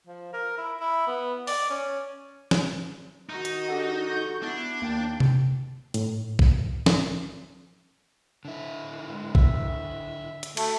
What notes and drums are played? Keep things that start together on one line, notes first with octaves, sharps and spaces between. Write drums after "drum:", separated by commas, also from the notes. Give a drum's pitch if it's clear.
F3
A#4
E4
E4
B3
D5, drum: open hi-hat
C#4
drum: snare
D#3 D#4 F#4
drum: hi-hat
D4 G4 A4 F#5
C#6 G6
B3 D4 E4
D#2 A#3 G5 A5
drum: tom C3
A2, drum: hi-hat
drum: kick A#1
drum: snare
D3 E4
G#3
E5, drum: kick A#1
E5
drum: hi-hat
A3 F#4, drum: cymbal